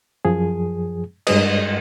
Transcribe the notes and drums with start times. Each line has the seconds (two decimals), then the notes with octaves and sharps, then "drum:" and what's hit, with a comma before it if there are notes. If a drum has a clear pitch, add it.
0.25 F#2 F3 G#4
1.27 G2 G#3 D#5, drum: cymbal